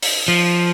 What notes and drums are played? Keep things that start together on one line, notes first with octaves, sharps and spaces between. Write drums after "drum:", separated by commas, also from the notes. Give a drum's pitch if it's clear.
drum: open hi-hat
F3